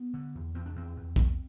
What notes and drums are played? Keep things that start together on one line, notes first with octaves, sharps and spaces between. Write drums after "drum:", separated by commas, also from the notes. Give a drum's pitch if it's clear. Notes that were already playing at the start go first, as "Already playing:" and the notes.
Already playing: B3
D3
E2
E2 C4
D4
E2 C4
E2
E2, drum: kick